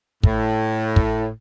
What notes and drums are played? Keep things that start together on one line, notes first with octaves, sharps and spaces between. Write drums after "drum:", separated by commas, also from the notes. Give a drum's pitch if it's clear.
A2, drum: kick
drum: kick